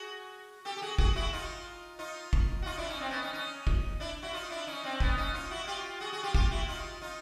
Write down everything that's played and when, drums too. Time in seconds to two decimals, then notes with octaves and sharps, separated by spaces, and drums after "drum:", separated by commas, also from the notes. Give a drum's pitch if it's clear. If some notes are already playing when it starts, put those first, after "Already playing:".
Already playing: F#4 G#4
0.65 G4 A4
0.77 G4
0.82 F#4 G#4
0.98 F#4 G#4, drum: kick
1.16 E4 F#4
1.32 D#4 F4
1.99 D#4 F4
2.33 drum: kick
2.62 F#4
2.66 D#4 F4
2.77 D4 E4
2.88 C#4 D#4
3.00 C4 D4
3.10 B3 C#4
3.22 C#4 D#4
3.33 C#4 D#4
3.67 drum: kick
4.00 D4 E4
4.22 E4 F#4
4.33 D#4 F4
4.50 D4 E4
4.67 C#4 D#4
4.83 C4 D4
5.00 B3 C#4, drum: kick
5.17 C#4 D#4
5.34 D#4 F4
5.51 E4 F#4
5.67 F4 G4
6.00 F#4 G#4
6.12 F#4 G#4
6.23 F4 G4
6.34 F4 G4, drum: kick
6.51 E4 F#4
6.68 D#4 F4
7.02 D#4 F4